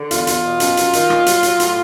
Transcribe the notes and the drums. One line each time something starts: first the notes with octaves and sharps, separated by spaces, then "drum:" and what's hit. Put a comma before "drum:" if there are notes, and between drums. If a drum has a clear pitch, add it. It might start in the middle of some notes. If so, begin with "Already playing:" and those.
Already playing: D3
E2 F4, drum: hi-hat
E2, drum: hi-hat
B2
F#2, drum: hi-hat
F#2, drum: hi-hat
D#3, drum: hi-hat
A#2, drum: rim click
F#3, drum: hi-hat
F#3, drum: hi-hat
A2, drum: hi-hat